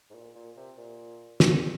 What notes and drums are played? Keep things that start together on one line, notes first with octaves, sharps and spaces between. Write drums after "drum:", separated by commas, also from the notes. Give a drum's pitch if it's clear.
G#2
A#2
A#2
C3
A#2
G#2, drum: snare
A#2